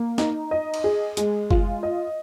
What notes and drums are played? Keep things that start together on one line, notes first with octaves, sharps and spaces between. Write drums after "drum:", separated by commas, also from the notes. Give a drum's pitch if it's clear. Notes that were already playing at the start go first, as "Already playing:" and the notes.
Already playing: A#3
D#4, drum: snare
D#5
drum: cymbal
G#4
G#3, drum: hi-hat
F4, drum: kick F#1
D#5